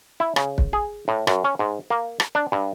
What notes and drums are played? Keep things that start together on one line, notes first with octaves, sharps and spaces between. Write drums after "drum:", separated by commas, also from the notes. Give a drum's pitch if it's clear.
E4
C#3, drum: rim click
drum: kick
G#4
A2
F#2, drum: rim click
C#4
G#2
A#3
drum: rim click
D4
G2